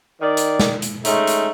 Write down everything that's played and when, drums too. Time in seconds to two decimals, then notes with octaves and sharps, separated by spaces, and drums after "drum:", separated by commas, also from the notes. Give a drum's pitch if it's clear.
0.21 D#3 D5
0.37 drum: hi-hat
0.60 drum: snare
0.82 drum: hi-hat
1.05 G#3 A3 C#4 D#4, drum: hi-hat
1.27 drum: hi-hat